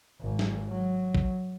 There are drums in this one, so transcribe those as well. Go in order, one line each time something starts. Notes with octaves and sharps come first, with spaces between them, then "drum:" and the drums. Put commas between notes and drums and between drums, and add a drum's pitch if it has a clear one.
G#1
drum: snare
F#3
drum: kick A1